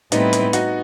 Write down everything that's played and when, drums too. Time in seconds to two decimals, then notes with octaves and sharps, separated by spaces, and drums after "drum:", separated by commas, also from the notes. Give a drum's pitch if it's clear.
0.12 A2 G3 B3 C4 D#4 E4 B4, drum: hi-hat
0.33 drum: hi-hat
0.53 D#4 F#4, drum: hi-hat